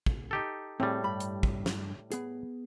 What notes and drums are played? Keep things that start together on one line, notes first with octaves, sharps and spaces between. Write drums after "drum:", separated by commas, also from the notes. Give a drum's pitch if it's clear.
drum: kick
D#4 G4 A4
A2 G3 C4 G#4
G2 B5
drum: hi-hat
drum: kick
drum: snare
B3 G#4, drum: hi-hat